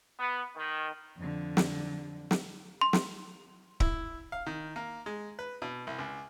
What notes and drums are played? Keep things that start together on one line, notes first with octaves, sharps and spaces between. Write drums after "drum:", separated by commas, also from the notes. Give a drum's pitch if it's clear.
B3
D#3
F2 D3
drum: snare
drum: snare
C6
drum: snare
E4, drum: kick D1
F5
D#3
A#3
G#3
B4
B2
C2
C#2